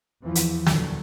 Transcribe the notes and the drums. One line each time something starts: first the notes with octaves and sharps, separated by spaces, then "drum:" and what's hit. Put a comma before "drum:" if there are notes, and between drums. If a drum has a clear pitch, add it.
E2 E3 F3
drum: hi-hat
D2 A#2 D3 F#3, drum: snare